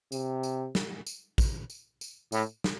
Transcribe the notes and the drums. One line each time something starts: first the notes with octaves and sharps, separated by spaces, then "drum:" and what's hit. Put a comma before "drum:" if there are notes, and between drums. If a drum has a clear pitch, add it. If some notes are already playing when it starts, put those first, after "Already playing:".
C3, drum: tambourine
drum: tambourine
drum: snare
drum: tambourine
drum: kick, tambourine
drum: tambourine
drum: tambourine
A2, drum: tambourine
drum: snare